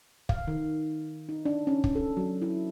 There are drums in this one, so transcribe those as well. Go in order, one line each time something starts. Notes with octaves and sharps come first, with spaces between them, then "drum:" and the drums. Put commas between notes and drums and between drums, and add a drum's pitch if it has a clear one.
F5, drum: kick
D#3
D#4
D4
C#4
drum: kick
A4
F#3
E4